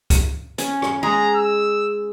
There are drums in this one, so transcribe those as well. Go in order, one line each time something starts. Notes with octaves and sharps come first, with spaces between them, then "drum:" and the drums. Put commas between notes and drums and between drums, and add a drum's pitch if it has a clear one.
drum: kick, hi-hat
C#4, drum: hi-hat
drum: rim click
G#3 G#4 A#5
E6